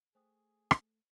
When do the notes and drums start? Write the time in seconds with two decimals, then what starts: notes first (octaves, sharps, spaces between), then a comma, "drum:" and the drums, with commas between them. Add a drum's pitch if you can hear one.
0.15 A3 G#4 C5 G5 D#6
0.71 drum: rim click